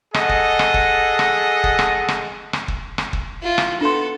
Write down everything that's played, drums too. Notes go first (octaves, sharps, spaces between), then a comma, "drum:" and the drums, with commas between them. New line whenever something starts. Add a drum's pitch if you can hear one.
G#4 A4 D#5 F#5, drum: rim click
drum: kick
drum: rim click
drum: kick
drum: rim click
drum: kick
drum: rim click
drum: rim click
drum: rim click
drum: kick
drum: rim click
drum: kick
E4 F4
drum: rim click
B3 D4 A4 C6